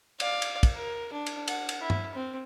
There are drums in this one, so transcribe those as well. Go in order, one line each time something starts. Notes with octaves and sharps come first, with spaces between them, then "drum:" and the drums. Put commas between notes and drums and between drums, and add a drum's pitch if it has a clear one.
D5 F5, drum: cymbal
drum: cymbal
drum: kick, cymbal
A#4
D4
drum: cymbal
F#5, drum: cymbal
drum: cymbal
E4
drum: tom
C4